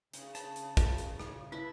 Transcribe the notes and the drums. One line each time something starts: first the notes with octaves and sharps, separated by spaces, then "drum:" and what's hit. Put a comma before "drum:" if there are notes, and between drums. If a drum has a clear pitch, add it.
C#3, drum: hi-hat
A5, drum: hi-hat
drum: hi-hat
drum: kick, hi-hat
drum: hi-hat
drum: rim click
E4 B4 A5